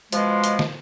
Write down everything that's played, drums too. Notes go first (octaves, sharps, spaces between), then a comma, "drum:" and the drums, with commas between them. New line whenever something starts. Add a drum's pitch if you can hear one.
B2 F3 G#3, drum: hi-hat
drum: hi-hat
drum: snare